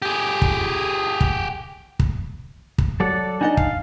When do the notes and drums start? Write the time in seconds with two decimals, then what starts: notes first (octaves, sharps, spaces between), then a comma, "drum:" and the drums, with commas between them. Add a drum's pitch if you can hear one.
0.02 G4 G#4
0.42 drum: kick
1.21 drum: kick
1.99 drum: kick
2.78 drum: kick
3.00 F#3 A4 D5 F#5
3.41 D4 D#4 D#5 F#5 G#5
3.57 F5, drum: kick